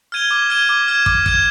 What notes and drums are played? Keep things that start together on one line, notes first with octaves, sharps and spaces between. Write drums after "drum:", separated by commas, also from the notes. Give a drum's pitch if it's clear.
F6 G#6 D#7 G7
D6
F6 G#6 D#7 G7
D6
F6 G#6
D6, drum: kick
F6 G#6, drum: kick